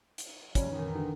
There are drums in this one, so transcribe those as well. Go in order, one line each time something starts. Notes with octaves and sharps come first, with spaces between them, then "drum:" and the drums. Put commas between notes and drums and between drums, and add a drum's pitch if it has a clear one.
drum: hi-hat
C3 F3 G3 C#4, drum: kick, hi-hat
D#3 E3 D#4
D3